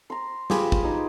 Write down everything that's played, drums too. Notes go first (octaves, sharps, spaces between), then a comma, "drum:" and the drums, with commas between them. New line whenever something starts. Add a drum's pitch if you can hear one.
A#5 C6
F4 G4 G#4 B4, drum: snare
drum: kick
D#4